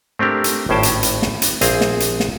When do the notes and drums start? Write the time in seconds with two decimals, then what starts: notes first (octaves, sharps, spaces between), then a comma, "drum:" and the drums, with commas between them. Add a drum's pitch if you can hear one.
0.19 A3 C4 D4 G4 A#4
0.44 drum: hi-hat
0.69 G#1 A2 C#4 C5 G5 A5
0.83 drum: hi-hat
1.03 drum: hi-hat
1.22 drum: snare
1.42 drum: hi-hat
1.61 A#1 C4 G#4 F5, drum: hi-hat
1.81 drum: snare
2.00 drum: hi-hat
2.20 drum: snare